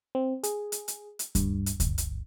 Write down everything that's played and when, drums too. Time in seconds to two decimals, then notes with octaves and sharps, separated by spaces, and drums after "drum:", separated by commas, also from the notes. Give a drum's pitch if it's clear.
0.15 C4
0.43 G#4, drum: hi-hat
0.72 drum: hi-hat
0.88 drum: hi-hat
1.19 drum: hi-hat
1.35 G2, drum: kick D2, hi-hat
1.66 drum: hi-hat
1.80 G1, drum: kick D2, hi-hat
1.98 drum: hi-hat